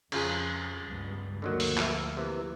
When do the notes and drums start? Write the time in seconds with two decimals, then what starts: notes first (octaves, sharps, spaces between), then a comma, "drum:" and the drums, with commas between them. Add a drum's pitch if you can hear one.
0.12 F2 C#3 F4 G#4, drum: cymbal
0.87 C#2 G2 B3
1.42 D2 D3 D#3 F3 F#3 A#3
1.60 drum: open hi-hat
1.78 E5 F5, drum: clap
2.17 C3 E3